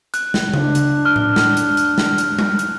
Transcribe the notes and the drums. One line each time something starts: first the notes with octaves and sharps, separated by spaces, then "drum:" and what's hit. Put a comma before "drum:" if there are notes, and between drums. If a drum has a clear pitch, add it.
F#6, drum: hi-hat
drum: snare
D4, drum: tom C#3
drum: hi-hat
F6
drum: tom A2
drum: snare
drum: hi-hat
drum: hi-hat
drum: snare
drum: hi-hat
drum: tom G3
drum: hi-hat